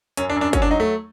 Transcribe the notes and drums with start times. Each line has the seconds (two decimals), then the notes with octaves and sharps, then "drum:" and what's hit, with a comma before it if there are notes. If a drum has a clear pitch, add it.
0.17 F#2 C#4, drum: hi-hat
0.30 D4
0.36 F#2
0.41 D4
0.53 F#3 C#4, drum: kick, hi-hat
0.62 D4
0.70 F#3 D#4
0.80 A3